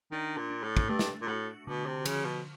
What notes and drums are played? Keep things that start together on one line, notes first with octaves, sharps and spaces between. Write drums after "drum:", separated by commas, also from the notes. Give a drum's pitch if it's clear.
D#3 D4
A#2
D4
A2
drum: kick
G2 A3
drum: snare
A#2
A2 F#4
B2 D3
C3
C#3 F3, drum: cymbal
B2